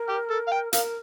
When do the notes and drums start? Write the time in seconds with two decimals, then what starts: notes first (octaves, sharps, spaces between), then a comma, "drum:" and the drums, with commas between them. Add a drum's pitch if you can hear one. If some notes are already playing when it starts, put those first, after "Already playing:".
Already playing: A#4
0.09 G4
0.30 A4
0.48 F5
0.52 G5
0.73 A#4 F5, drum: hi-hat